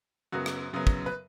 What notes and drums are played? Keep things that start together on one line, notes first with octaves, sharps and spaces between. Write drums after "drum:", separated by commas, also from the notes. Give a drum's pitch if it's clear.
F#2 C#3 F#3 B3 F#4
drum: rim click
F#2 C#3 F#3 B3
drum: kick
B4